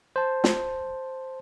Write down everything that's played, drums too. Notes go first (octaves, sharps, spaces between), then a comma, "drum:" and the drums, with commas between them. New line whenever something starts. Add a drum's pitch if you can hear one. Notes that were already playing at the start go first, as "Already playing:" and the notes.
C5 A5
drum: snare